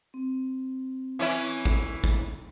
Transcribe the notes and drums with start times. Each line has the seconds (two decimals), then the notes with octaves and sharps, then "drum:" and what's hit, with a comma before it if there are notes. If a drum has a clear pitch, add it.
0.14 C4
1.19 E3 C#4 E4
1.65 drum: kick
2.04 drum: kick